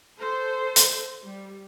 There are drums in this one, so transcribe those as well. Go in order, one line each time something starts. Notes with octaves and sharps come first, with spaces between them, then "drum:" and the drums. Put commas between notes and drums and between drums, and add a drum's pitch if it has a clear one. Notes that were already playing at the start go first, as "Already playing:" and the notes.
A4 C5
drum: hi-hat
G3